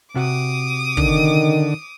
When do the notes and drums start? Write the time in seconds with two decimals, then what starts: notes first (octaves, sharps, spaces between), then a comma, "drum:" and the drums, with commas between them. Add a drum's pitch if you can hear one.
0.15 C3 F#4 D6 D#6
0.97 D3 D#3, drum: kick